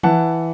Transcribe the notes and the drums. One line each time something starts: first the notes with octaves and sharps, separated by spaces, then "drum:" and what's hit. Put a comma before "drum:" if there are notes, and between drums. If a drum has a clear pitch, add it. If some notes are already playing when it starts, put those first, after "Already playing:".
E3 F#5 A5, drum: tom E3